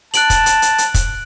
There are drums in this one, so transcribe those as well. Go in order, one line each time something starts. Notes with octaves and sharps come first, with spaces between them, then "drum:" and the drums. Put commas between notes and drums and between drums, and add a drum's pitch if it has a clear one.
A5 F#6 D7 F#7, drum: hi-hat
drum: kick, hi-hat
drum: hi-hat
drum: hi-hat
drum: hi-hat
drum: kick, hi-hat